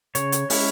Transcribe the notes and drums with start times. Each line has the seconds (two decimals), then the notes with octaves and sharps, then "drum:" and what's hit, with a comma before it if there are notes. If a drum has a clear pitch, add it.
0.15 C#3 C#5, drum: hi-hat
0.32 drum: hi-hat
0.50 G#3 C#4 E4, drum: open hi-hat